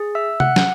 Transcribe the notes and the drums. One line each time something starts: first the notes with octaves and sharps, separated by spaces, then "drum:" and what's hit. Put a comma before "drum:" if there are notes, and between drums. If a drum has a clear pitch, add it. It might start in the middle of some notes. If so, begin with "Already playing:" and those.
Already playing: G#4
E5 E6
F#5 F#6, drum: tom C3
drum: snare